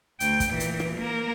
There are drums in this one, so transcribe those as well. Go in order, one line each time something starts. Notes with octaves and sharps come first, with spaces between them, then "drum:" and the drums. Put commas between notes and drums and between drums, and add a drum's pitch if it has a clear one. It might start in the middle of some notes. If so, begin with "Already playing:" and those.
D2 G5, drum: hi-hat
drum: kick, hi-hat
A#2 E3
drum: hi-hat
drum: rim click
A#3 A#4